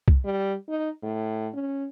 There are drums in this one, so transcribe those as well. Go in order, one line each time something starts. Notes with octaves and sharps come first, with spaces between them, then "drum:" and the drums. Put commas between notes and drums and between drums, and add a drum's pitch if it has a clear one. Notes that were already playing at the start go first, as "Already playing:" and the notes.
drum: kick
G3
D#4
A2
C#4